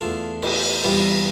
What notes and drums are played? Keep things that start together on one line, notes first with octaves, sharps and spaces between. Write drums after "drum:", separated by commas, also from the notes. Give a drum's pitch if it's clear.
E2 D3 A3 F4
G4, drum: cymbal
E2 C3 E3 G3 F4